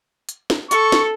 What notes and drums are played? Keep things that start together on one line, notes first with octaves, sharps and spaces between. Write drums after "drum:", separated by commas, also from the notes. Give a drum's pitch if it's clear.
drum: hi-hat
drum: snare
A4 C#6, drum: hi-hat
drum: snare